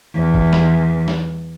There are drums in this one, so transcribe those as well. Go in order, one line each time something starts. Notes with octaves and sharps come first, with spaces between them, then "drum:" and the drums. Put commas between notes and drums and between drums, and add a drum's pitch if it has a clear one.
E2
drum: kick F#1
drum: snare
drum: snare